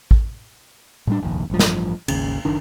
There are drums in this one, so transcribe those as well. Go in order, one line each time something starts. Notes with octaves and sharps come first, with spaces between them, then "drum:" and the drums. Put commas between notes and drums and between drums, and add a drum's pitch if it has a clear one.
drum: kick
A2 G3 D4
F1 A#1 D#2
A1 G2 F3
drum: snare
G#1 D#2 C#3, drum: cymbal
F#1 D#3 D4